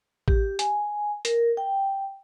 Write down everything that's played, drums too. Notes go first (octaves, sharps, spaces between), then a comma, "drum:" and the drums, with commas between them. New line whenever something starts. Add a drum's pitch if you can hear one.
G4, drum: kick A1
G#5, drum: hi-hat
A#4, drum: hi-hat
G5